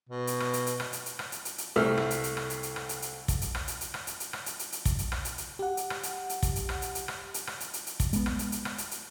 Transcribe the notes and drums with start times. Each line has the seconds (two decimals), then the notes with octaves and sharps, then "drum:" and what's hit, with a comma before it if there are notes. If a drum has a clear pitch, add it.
0.09 B2
0.27 drum: hi-hat
0.40 drum: rim click
0.53 drum: hi-hat
0.67 drum: hi-hat
0.80 drum: rim click
0.93 drum: hi-hat
1.06 drum: hi-hat
1.19 drum: rim click
1.32 drum: hi-hat
1.45 drum: hi-hat
1.58 drum: hi-hat
1.76 C2 A3 E5 E6 F6
1.97 drum: rim click
2.11 drum: hi-hat
2.24 drum: hi-hat
2.37 drum: rim click
2.50 drum: hi-hat
2.63 drum: hi-hat
2.76 drum: rim click
2.89 drum: hi-hat
3.02 drum: hi-hat
3.28 drum: kick, hi-hat
3.41 drum: hi-hat
3.55 drum: rim click
3.68 drum: hi-hat
3.81 drum: hi-hat
3.94 drum: rim click
4.07 drum: hi-hat
4.20 drum: hi-hat
4.33 drum: rim click
4.46 drum: hi-hat
4.59 drum: hi-hat
4.72 drum: hi-hat
4.85 drum: kick, hi-hat
4.99 drum: hi-hat
5.12 drum: rim click
5.25 drum: hi-hat
5.38 drum: hi-hat
5.59 G4 F#5
5.77 drum: hi-hat
5.90 drum: rim click
6.03 drum: hi-hat
6.29 drum: hi-hat
6.43 drum: kick, hi-hat
6.56 drum: hi-hat
6.69 drum: rim click
6.82 drum: hi-hat
6.95 drum: hi-hat
7.08 drum: rim click
7.34 drum: hi-hat
7.47 drum: rim click
7.60 drum: hi-hat
7.73 drum: hi-hat
7.87 drum: hi-hat
8.00 drum: kick, hi-hat
8.13 G#3 B3, drum: hi-hat
8.26 drum: rim click
8.39 drum: hi-hat
8.52 drum: hi-hat
8.65 drum: rim click
8.78 drum: hi-hat
8.91 drum: hi-hat